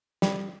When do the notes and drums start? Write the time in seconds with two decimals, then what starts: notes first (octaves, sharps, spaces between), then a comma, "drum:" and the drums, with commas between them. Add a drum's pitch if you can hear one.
0.22 G3, drum: snare